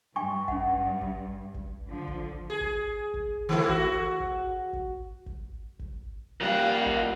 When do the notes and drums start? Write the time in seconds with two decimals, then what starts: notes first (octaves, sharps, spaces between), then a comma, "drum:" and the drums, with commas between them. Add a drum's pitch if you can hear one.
0.16 G2 G5 G#5 C#6
0.48 C#4 F#5, drum: kick
1.01 drum: kick
1.54 drum: kick
1.88 D3 F3
2.07 drum: kick
2.50 G#4
2.61 drum: kick
3.14 drum: kick
3.49 D#3 A3
3.69 F#4, drum: kick
4.20 drum: kick
4.73 drum: kick
5.26 drum: kick
5.79 drum: kick
6.41 A#2 G3 F5 F#5
6.86 drum: kick